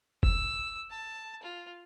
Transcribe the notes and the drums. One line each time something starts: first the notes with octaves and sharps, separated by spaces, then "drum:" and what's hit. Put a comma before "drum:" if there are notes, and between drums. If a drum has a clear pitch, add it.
E6, drum: kick
A5
F4